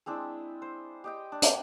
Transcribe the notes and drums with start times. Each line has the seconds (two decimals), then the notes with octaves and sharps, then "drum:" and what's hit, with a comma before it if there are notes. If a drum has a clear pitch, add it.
0.06 G#3 C4 D4 E4
0.62 C5
1.04 G4 D#5 G5
1.32 D4
1.42 drum: hi-hat